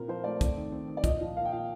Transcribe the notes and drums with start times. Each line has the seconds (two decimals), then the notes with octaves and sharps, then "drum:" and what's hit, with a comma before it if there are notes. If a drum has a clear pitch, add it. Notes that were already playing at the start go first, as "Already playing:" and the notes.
Already playing: A#2 C4 A#4
0.08 F3 C5
0.24 A3 D5
0.41 C4, drum: kick, hi-hat
0.56 D#3
0.72 C4
0.88 D#3
0.97 D5
1.04 A#2 D#5, drum: kick, hi-hat
1.21 F3
1.36 A#3 F5
1.45 G5
1.52 A#2 F5